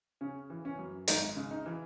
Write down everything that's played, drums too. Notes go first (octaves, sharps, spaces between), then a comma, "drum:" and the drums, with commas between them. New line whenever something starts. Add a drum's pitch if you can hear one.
C#3 C#4
E3
C#4
F#2
G#1 D#4, drum: hi-hat
C#3
D#4
E3